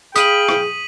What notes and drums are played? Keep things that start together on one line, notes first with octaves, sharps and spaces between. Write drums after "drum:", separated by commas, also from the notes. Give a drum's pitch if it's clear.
G#4 F5 G5 B5 D#6 B6 D#7 F#7, drum: hi-hat
drum: rim click